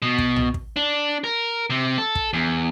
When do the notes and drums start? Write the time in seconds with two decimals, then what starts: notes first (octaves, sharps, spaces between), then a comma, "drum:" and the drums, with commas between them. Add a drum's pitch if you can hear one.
0.02 B2
0.18 drum: kick
0.36 drum: tom
0.54 drum: kick
0.76 D4
1.24 A#4
1.70 C3
1.98 A4
2.15 drum: kick
2.33 E2